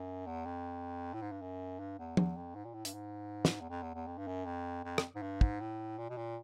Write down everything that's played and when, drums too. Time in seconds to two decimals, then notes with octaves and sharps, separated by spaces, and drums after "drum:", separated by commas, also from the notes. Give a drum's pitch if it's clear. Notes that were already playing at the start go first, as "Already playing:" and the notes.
Already playing: F#2
0.26 E2
0.46 F2
1.13 A2
1.22 G#2
1.32 G2
1.42 F#2
1.80 G2
1.98 E2
2.17 E2, drum: tom F3
2.36 F2
2.55 G#2
2.65 A#2
2.74 A2
2.85 G2, drum: hi-hat
2.94 G#2
3.45 drum: snare
3.61 E2
3.69 F2
3.82 E2
3.94 E2
4.07 F2
4.18 G2
4.27 F#2
4.46 F2
4.84 F2
4.98 drum: rim click
5.15 G#2
5.22 G2
5.41 G#2, drum: kick
5.61 A2
5.98 A#2
6.10 B2
6.17 A#2